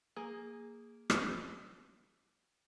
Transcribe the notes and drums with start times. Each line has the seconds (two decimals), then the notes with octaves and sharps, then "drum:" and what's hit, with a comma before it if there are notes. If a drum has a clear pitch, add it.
0.16 A#3 G#4
1.10 drum: rim click